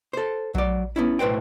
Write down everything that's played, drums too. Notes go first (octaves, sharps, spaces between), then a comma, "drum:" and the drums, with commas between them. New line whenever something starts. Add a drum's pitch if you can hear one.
A4 C5
F#3 D5, drum: kick A#1
B3 C#4 E4
B1 A2 B4 C5 G5